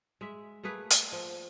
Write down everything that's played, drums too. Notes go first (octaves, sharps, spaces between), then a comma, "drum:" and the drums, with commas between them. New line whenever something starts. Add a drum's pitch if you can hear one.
G#3 E5
A3 A#3 G#4 B4
drum: hi-hat
F3